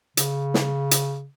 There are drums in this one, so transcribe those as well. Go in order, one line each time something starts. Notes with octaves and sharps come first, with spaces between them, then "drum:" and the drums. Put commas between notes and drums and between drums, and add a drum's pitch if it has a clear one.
C#3, drum: hi-hat
drum: snare
drum: hi-hat